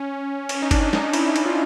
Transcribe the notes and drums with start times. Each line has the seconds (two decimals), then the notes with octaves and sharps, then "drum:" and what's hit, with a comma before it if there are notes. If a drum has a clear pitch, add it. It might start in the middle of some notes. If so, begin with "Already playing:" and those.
Already playing: C#4
0.49 C#4, drum: cymbal
0.62 D#4
0.71 D4, drum: kick G1, cymbal
0.93 D#4, drum: snare
1.13 E4, drum: cymbal
1.36 drum: cymbal
1.46 F4